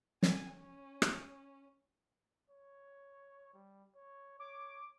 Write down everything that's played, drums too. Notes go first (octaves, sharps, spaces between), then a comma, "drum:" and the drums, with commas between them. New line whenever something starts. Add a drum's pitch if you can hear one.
G#5, drum: snare
C#4
drum: rim click
C#5
G3
C#5
C#5 D6